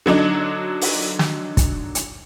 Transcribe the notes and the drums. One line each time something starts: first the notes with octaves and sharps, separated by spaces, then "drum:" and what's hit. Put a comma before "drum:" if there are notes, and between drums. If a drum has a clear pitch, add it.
D3 F#3 D4 D#4
drum: open hi-hat
drum: snare
drum: kick, hi-hat
drum: hi-hat